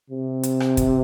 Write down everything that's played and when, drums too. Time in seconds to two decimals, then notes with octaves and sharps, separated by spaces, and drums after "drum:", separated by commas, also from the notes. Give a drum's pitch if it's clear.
0.10 C3
0.43 drum: hi-hat
0.60 drum: rim click
0.77 drum: kick, hi-hat